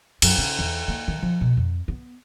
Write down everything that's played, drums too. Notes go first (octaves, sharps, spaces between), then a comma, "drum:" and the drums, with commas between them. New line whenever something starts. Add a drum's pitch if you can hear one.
F#2, drum: cymbal
C#3
E2
A#3
D#3
F3
B2
F2
B3